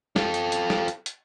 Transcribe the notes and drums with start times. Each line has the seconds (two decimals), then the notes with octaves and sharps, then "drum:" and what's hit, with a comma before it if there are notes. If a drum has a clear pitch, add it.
0.16 F4 A4, drum: snare
0.34 drum: hi-hat
0.52 drum: hi-hat
0.70 drum: snare
0.88 drum: hi-hat
1.06 drum: hi-hat